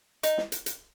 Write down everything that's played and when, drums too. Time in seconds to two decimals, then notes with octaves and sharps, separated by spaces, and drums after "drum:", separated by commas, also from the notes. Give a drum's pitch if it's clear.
0.23 D#4, drum: hi-hat
0.38 drum: snare
0.52 drum: hi-hat
0.66 drum: hi-hat